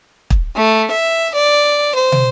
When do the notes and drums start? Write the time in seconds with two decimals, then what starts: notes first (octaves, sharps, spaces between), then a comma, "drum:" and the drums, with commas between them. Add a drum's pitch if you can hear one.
0.30 drum: kick
0.56 A3
0.91 E5
1.35 D5
1.95 C5
2.12 drum: tom